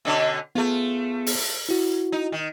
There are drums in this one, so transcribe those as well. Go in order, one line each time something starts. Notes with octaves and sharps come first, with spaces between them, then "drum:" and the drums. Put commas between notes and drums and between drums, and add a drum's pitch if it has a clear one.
B2 D3 C#4
A3 B3 F4 G#4
drum: open hi-hat
E4 F#4
D#4
D#3